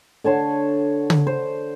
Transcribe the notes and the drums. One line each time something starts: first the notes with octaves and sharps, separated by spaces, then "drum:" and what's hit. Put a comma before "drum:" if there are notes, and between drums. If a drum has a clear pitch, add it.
D3 C#5 A5 C6
drum: tom
C5